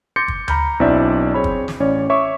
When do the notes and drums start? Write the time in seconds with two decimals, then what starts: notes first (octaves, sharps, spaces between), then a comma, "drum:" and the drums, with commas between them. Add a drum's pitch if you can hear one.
0.16 C6 D6 G6 A6 A#6 C#7
0.28 drum: kick
0.48 A#5 B5 F6 G6, drum: tom D2
0.80 B1 C4 D4 E4 D5 E5
1.34 C4 G#4 C#5 B5
1.44 drum: kick
1.68 drum: snare
1.80 A1 C#4 C#5 D5
2.10 C#5 E5 C#6 D6